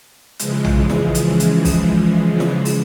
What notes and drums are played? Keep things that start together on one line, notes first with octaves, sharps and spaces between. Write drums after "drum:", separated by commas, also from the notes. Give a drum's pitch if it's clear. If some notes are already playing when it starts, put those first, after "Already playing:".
C#3 E3 F3 G#3, drum: hi-hat
drum: tom A#1
drum: snare
drum: hi-hat
drum: hi-hat
drum: kick B1, open hi-hat
drum: snare
drum: open hi-hat